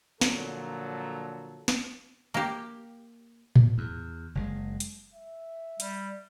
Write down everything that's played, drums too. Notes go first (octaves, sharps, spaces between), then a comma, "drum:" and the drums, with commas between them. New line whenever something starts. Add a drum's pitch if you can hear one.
A#2 D3 F3 F#3 A4, drum: snare
drum: snare
A#3 G4
drum: tom A2
E2
F#1 C#3 G#3
drum: hi-hat
E5
G3, drum: hi-hat